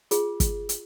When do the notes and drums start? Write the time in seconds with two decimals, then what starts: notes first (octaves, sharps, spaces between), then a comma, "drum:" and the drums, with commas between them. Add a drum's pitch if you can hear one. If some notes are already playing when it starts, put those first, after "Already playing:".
0.11 F4 G#4, drum: hi-hat
0.40 drum: kick, hi-hat
0.69 drum: hi-hat